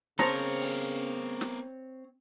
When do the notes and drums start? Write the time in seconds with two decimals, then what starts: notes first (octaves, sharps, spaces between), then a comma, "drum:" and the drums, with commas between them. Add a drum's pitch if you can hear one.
0.19 C#3 B3 C4 A#4 C5 C#5 A5 A#5, drum: snare
0.61 drum: open hi-hat
1.41 drum: snare